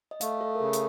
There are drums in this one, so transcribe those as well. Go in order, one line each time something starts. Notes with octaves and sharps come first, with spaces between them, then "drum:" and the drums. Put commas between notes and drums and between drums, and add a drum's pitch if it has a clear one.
D#5
A3 F5, drum: hi-hat
A4
A#4
C#3 A4
drum: hi-hat